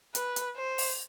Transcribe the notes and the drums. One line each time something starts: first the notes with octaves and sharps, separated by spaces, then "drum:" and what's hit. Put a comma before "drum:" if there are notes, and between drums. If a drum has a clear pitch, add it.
B4, drum: hi-hat
drum: hi-hat
C5
drum: open hi-hat